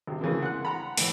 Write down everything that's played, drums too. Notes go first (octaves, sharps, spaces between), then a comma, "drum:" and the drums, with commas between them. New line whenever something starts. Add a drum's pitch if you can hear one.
G#1 C3
C#3 E3 A3 A#3 C4
F#5 C6 F#6
F#5 A#5 B5
A2 E3, drum: open hi-hat